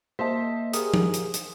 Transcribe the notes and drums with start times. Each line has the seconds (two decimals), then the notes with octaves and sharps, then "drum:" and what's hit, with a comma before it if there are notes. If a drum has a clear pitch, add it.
0.19 A#3 C5 D#5 E5 A5 B6
0.73 G4 G#4 A#4 D#6, drum: hi-hat
0.94 drum: tom F3
1.14 drum: hi-hat
1.34 drum: hi-hat